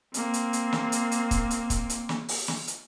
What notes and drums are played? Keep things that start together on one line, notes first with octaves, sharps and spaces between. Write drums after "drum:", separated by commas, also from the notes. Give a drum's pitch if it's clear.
A#3 C4, drum: hi-hat
drum: hi-hat
drum: hi-hat
drum: snare
drum: hi-hat
drum: hi-hat
drum: kick, hi-hat
drum: hi-hat
drum: kick, hi-hat
drum: hi-hat
drum: snare
drum: open hi-hat
drum: snare
drum: hi-hat